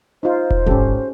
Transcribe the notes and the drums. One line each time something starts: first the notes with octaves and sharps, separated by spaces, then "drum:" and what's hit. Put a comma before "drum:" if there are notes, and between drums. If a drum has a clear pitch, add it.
D#4 F4 C5
drum: kick E1
G#1 C#4 G4 A4